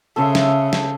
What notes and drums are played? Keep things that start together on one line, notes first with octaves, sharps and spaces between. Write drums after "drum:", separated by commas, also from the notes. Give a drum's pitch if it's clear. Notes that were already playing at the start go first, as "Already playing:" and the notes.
C#3 A4 C5 E5
drum: snare
drum: snare